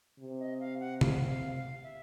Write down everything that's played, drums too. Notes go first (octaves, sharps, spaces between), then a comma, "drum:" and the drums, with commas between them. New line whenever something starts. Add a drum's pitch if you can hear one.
C3
D#5
F5
F#5
F5, drum: tom C3
F5
F5
E5